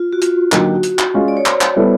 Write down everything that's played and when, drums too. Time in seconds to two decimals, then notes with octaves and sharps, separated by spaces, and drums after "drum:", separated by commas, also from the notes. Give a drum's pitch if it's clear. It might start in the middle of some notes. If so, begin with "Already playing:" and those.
Already playing: F4
0.13 F#4
0.22 F4, drum: hi-hat
0.52 D3 F#3 A#3 D#4 F#4 G4, drum: clap
0.83 drum: hi-hat
0.99 drum: clap
1.14 G#3 C#4 F4
1.28 D5
1.37 C#5
1.46 C5, drum: clap
1.61 drum: clap
1.76 G3 B3 E4 A4